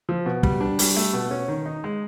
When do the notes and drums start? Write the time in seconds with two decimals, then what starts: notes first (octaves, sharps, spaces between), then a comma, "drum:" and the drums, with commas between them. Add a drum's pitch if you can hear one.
0.09 F3
0.26 B2
0.43 G3, drum: kick
0.61 D4
0.79 G3, drum: open hi-hat
0.96 A3
1.13 B2
1.31 C#4
1.48 D#3
1.66 D#4
1.84 G#3